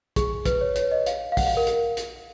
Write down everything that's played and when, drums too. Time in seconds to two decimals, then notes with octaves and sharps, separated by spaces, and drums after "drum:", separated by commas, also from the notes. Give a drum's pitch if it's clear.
0.16 G#4, drum: kick, hi-hat
0.45 B4, drum: kick, hi-hat
0.61 C#5
0.76 C#5, drum: hi-hat
0.91 D#5
1.06 F5, drum: hi-hat
1.32 F5
1.37 F#5, drum: kick, open hi-hat
1.47 F5
1.57 A#4
1.67 drum: hi-hat
1.97 drum: hi-hat